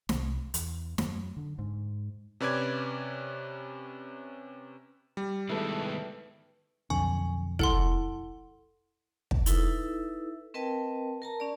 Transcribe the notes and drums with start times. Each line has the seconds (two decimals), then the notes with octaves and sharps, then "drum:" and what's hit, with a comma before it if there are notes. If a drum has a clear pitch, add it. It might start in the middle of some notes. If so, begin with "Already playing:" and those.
0.09 C2, drum: snare
0.54 E2, drum: hi-hat
0.98 F#2, drum: snare
1.37 D3
1.59 G#2
2.40 C3 C#4 B4 D5 D6 G#6
5.17 G3
5.49 D#3 G#3 A3 B3 E4 B4 A5
6.90 B1 F2 D3 G#5 C#6
7.59 E4 A4 F#5 C6, drum: kick
9.31 drum: kick
9.46 D#4 E4 A4 B4 E5 E6, drum: hi-hat
10.54 C4 A#4 B4 D#5 G5 A5
11.22 A#4 A5 A#5
11.40 C#4 D5